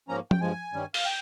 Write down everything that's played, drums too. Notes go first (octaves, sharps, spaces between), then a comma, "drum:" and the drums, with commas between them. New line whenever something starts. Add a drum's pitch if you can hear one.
G#2 F3 A#3 C#4 A#5
G5, drum: tom F3
G2 F3 G#3 G#5
G2 D#3 G3 C#4
F5, drum: open hi-hat
G5